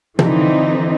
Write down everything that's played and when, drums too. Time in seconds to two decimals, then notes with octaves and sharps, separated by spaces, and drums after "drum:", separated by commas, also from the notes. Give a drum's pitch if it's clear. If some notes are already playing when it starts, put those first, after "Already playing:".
0.19 D3 E3 F3 C4 D#4, drum: tom